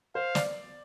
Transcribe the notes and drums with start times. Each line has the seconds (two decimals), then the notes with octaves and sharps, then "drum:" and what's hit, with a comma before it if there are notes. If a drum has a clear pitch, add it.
0.15 C5 F5
0.35 D5, drum: snare